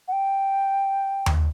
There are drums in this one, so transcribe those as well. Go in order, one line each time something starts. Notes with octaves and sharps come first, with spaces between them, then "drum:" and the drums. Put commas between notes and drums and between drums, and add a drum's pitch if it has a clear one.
F#5
G5
drum: tom D#2